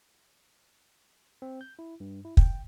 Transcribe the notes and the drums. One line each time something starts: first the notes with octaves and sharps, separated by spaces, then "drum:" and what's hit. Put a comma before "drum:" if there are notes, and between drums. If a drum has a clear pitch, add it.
C4
G6
E4
G2
E4
G5, drum: kick